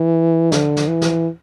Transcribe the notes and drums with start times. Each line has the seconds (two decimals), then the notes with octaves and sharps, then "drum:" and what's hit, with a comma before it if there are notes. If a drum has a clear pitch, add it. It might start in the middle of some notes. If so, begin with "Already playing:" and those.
Already playing: E3
0.52 D3, drum: snare
0.77 drum: snare
0.89 E3
1.02 drum: snare